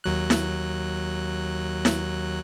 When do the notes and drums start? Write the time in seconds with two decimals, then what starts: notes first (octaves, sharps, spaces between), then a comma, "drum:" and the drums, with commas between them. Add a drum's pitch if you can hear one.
0.04 D#2 F#3 F#6
0.30 drum: snare E4
1.85 drum: snare E4